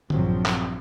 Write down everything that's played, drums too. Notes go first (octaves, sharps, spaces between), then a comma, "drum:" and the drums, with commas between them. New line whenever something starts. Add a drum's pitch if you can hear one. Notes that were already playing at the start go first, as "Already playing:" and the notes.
A#1 G2 F3 F#3 C4, drum: tom
drum: clap